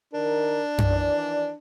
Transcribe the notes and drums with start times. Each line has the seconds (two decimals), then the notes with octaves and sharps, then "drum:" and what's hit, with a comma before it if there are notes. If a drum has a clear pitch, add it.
0.13 D#3 D4 A#4
0.78 D#3 E3 D5, drum: tom F#2